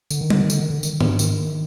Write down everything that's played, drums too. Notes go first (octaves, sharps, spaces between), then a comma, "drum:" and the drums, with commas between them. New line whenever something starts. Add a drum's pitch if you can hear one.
D3, drum: tambourine
D#3
D3, drum: tom G3
D#3
D3, drum: tambourine
D#3
D3
D#3, drum: tambourine
D#3, drum: tom G#2
D#3, drum: tambourine